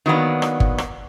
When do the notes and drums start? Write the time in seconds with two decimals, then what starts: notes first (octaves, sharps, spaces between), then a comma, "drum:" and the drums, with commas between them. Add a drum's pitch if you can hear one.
0.06 D#3 F#3 A#3 B3 D4
0.42 drum: rim click
0.60 drum: kick G1
0.78 drum: rim click